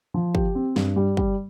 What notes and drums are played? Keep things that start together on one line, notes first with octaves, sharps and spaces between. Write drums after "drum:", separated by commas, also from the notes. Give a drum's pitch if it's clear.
F3
G4, drum: kick
C4
G2, drum: snare
G3
G3, drum: kick